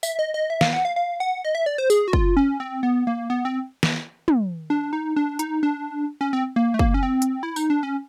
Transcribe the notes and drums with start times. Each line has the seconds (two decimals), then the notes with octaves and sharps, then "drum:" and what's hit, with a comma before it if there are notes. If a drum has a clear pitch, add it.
0.03 E5, drum: tambourine
0.19 D#5
0.34 D#5
0.50 E5
0.61 F5, drum: snare
0.73 F#5
0.85 F5
0.96 F5
1.20 F#5
1.45 D#5
1.55 E5
1.66 D5
1.78 C5
1.90 G#4, drum: tambourine
2.08 F#4
2.13 F4, drum: kick
2.37 C#4
2.60 C4
2.83 B3
3.07 A#3
3.30 B3
3.45 C4
3.83 drum: snare
4.28 drum: tom
4.70 D4
4.93 D#4
5.16 D4
5.39 D#4, drum: hi-hat
5.63 D4
6.21 C#4
6.33 C4
6.56 A#3
6.74 A3
6.79 A#3, drum: kick
6.94 C#4
7.03 C4
7.22 drum: hi-hat
7.43 E4
7.56 D#4, drum: tambourine
7.70 D4
7.83 C#4